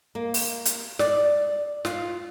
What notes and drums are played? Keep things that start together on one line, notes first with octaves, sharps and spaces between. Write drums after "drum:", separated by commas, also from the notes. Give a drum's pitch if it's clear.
A#3
drum: open hi-hat
drum: hi-hat
D5, drum: snare
F4, drum: snare